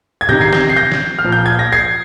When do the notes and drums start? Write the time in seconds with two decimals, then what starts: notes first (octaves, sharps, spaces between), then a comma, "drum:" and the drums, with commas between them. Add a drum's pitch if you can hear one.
0.21 G#6
0.29 C3 D#3 G6 A#6, drum: tom
0.41 G#6 C7
0.53 G6 A#6, drum: snare
0.69 C7
0.77 G6 A#6
0.92 drum: snare
1.19 F6
1.24 A#2 F3
1.32 G6
1.46 G#6
1.59 A#6
1.72 G#6 C7